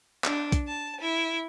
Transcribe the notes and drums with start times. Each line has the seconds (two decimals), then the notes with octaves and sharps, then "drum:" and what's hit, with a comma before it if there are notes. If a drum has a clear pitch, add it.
0.24 D4, drum: clap
0.52 drum: kick, hi-hat
0.66 A5
1.00 E4